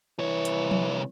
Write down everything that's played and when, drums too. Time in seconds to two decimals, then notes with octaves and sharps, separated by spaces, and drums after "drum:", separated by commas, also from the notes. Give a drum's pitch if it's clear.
0.19 C2 E3 C#5
0.45 drum: hi-hat
0.71 drum: tom F3